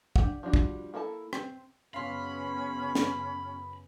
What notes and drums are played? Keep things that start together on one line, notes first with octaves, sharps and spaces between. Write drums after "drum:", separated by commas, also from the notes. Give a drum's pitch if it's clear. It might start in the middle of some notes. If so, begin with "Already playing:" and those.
D4 G4 F#5, drum: kick
F3 G3 D4 F#4
drum: kick
A#3 E4 A4 D5 A5
C4, drum: rim click
F#2 C#3 B3 C#4 F5 B5 C6
drum: snare